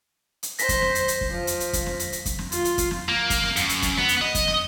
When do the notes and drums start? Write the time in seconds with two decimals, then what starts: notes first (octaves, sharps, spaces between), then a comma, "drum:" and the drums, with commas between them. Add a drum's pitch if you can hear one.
0.43 drum: hi-hat
0.59 C5 A#6 B6, drum: hi-hat
0.69 drum: kick F2, hi-hat
0.82 drum: snare
0.95 drum: hi-hat
1.08 drum: hi-hat
1.21 drum: kick F2
1.31 F3
1.47 drum: hi-hat
1.60 drum: hi-hat
1.73 drum: kick F2, hi-hat
1.86 drum: snare
1.99 drum: hi-hat
2.13 drum: hi-hat
2.26 drum: kick F2, hi-hat
2.39 drum: snare
2.52 F4, drum: hi-hat
2.65 drum: hi-hat
2.78 drum: kick F2, hi-hat
2.91 drum: snare
3.09 A#3
3.30 drum: kick F2, hi-hat
3.43 drum: snare
3.56 F#2, drum: hi-hat
3.69 drum: hi-hat
3.82 drum: kick F2, hi-hat
3.97 B3, drum: snare
4.09 drum: hi-hat
4.21 D#5
4.35 drum: kick F2, hi-hat
4.48 drum: snare